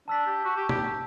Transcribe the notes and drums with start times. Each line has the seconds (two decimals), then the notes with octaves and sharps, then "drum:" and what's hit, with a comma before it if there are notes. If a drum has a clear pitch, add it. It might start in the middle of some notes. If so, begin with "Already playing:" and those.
0.08 D4 A5 E6 B6
0.26 G4
0.45 F#4
0.56 G4
0.69 G4, drum: tom